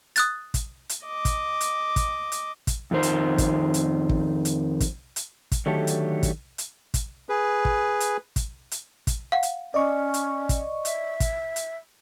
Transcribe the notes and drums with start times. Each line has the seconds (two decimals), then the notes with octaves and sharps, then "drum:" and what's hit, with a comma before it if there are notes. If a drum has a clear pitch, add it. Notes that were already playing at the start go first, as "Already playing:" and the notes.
0.16 D#6 F#6 A6, drum: hi-hat
0.54 drum: kick, hi-hat
0.89 drum: hi-hat
1.05 D#5 D6
1.25 drum: kick, hi-hat
1.61 drum: hi-hat
1.96 drum: kick, hi-hat
2.32 drum: hi-hat
2.67 drum: kick, hi-hat
2.91 F2 D#3 C5
3.03 drum: hi-hat
3.38 drum: kick, hi-hat
3.74 drum: hi-hat
4.09 drum: kick
4.45 drum: hi-hat
4.80 drum: kick, hi-hat
5.16 drum: hi-hat
5.52 drum: kick, hi-hat
5.66 D3 D#3 F#3 A3 G4 A4
5.87 drum: hi-hat
6.23 drum: kick, hi-hat
6.58 drum: hi-hat
6.94 drum: kick, hi-hat
7.29 G#4 B4
7.65 drum: kick
8.00 drum: hi-hat
8.36 drum: kick, hi-hat
8.71 drum: hi-hat
9.07 drum: kick, hi-hat
9.32 F5 F#5
9.43 drum: hi-hat
9.74 C#4 D5 D#5 C#6
10.14 drum: hi-hat
10.49 drum: kick, hi-hat
10.85 E5, drum: hi-hat
11.20 drum: kick, hi-hat
11.56 drum: hi-hat